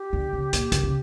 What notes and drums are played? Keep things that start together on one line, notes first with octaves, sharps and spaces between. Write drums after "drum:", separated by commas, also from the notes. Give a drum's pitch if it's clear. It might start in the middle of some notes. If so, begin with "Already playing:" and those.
Already playing: G4
D3
C#3
A#2, drum: hi-hat
C#3, drum: kick, hi-hat
C#3